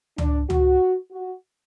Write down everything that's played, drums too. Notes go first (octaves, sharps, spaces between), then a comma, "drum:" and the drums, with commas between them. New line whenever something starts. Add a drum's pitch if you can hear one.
D4, drum: tom C#2
F#4, drum: tom C#2
F#4